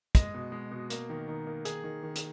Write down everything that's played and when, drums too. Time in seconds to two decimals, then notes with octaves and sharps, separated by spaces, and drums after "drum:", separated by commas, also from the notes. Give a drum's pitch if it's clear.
0.15 G#3 D#5, drum: kick, hi-hat
0.34 B2
0.52 G#3
0.71 B2
0.90 A#3, drum: hi-hat
1.09 D#3
1.28 D#3
1.47 A#3
1.65 D#3 G#4, drum: hi-hat
1.84 D#3
2.03 D#3
2.15 drum: hi-hat